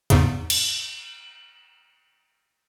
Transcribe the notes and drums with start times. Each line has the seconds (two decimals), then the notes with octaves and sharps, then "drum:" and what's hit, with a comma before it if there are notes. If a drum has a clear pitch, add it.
0.10 E2 G#2 C#3, drum: hi-hat
0.50 drum: cymbal